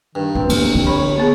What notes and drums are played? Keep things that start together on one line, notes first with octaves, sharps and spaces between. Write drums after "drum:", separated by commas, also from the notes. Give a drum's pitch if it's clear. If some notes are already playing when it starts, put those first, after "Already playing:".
G2 D#3
G#1 C4
D2 A#3 B3, drum: cymbal
D3
C#5 B5
A#3 B3 G#4